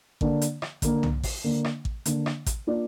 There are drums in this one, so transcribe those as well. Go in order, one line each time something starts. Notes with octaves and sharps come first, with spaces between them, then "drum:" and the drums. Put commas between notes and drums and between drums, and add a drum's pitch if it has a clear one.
D3 A#3 D4, drum: kick A1
drum: hi-hat
drum: rim click
D3 A#3 D4, drum: kick A1, hi-hat
drum: tom C2
drum: kick A1, open hi-hat
D3 A#3 D4
drum: rim click
drum: kick A1
D3 A#3 D4, drum: hi-hat
drum: rim click
drum: kick A1, hi-hat
A#3 D4 F4 D5